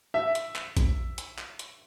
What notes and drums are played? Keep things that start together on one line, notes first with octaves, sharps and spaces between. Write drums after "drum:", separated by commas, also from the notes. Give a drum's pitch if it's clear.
E5
drum: hi-hat
drum: clap
drum: kick A#1, hi-hat
drum: hi-hat
drum: clap
drum: hi-hat